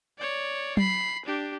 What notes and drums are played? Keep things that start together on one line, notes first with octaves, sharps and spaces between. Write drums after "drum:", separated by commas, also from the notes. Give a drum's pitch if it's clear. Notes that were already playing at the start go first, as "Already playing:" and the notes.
C#5 D5
B5 C7, drum: tom F#3
D4 G4